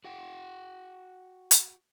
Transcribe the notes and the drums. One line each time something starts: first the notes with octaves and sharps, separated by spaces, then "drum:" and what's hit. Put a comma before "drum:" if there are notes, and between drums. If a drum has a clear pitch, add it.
F#4 F#5 G5
drum: hi-hat